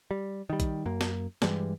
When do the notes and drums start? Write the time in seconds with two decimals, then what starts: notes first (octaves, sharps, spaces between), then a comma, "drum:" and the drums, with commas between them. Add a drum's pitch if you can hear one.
0.11 G3
0.50 D#3 G3
0.60 drum: kick A#1, hi-hat
0.86 F#2 A#3
1.01 drum: snare
1.42 G2 E3 G3 G#3, drum: snare